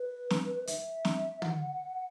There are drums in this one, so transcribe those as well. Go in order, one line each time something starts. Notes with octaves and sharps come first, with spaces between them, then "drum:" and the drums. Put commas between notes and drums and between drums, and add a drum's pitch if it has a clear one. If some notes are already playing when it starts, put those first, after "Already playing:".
Already playing: B4
drum: snare
E5, drum: hi-hat
drum: snare
F#5, drum: tom